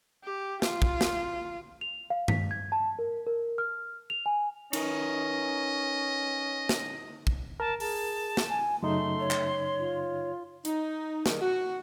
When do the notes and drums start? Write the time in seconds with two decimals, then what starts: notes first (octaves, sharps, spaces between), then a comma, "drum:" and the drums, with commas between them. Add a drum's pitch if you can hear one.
0.24 G4
0.62 F4, drum: snare
0.82 drum: kick
1.01 drum: snare
1.81 F7
2.10 F5
2.28 B6, drum: tom G2
2.51 G#6
2.72 A5
2.99 A#4
3.27 A#4
3.58 F6
4.10 F7
4.26 G#5
4.73 C#4 D#4 A#4 B4 D#5, drum: cymbal
6.69 drum: snare
7.27 drum: kick
7.60 A#4 A5
7.80 G#4 A5, drum: open hi-hat
8.37 drum: snare
8.49 G#5
8.83 F#2 C#3 A3 D#4 C6
9.20 C#5
9.30 drum: clap
9.79 F4
10.65 D#4, drum: hi-hat
11.26 D#3 F#3 G3 D#4 G#4 A#4, drum: snare
11.41 F#4